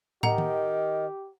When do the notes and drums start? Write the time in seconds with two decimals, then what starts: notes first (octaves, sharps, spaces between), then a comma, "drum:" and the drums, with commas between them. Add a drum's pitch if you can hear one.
0.23 D#3 G4 D#5 F#5 A#5, drum: tom
0.38 drum: tom D#3